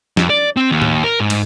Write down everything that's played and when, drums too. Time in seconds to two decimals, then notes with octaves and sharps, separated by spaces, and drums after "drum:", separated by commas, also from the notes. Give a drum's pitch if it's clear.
0.17 F2, drum: snare
0.30 D5
0.57 C4
0.70 D#2
0.82 drum: tom A2
1.04 A#4
1.20 G#2
1.30 drum: cymbal